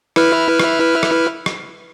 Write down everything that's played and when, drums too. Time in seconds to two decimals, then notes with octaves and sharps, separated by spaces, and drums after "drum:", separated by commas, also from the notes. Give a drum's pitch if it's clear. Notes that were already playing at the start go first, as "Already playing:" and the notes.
0.16 E4 B4 F6, drum: rim click
0.60 drum: rim click
1.03 drum: rim click
1.46 drum: rim click